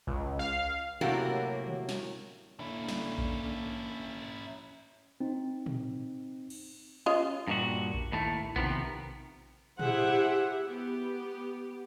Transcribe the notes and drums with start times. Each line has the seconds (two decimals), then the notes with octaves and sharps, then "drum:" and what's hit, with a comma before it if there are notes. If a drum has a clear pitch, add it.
0.07 C#2, drum: kick A#1
0.39 F5
1.01 A2 C3 F#3 A#3 F#4 G4
1.67 drum: tom
1.89 drum: snare
2.60 D3 A#3 C#4 E4
2.88 drum: snare
3.18 drum: kick A#1
5.20 C4 D#4
5.66 drum: tom
6.50 drum: cymbal
7.06 C#4 F4 D#5
7.48 G2 A#2 F#4
7.94 drum: kick A#1
8.12 D#2 A2 A3
8.56 C3 D#3 F3 B3, drum: kick A#1
9.79 E4 G4 G#4 C5 E5 F#5, drum: tom
10.66 B3 G4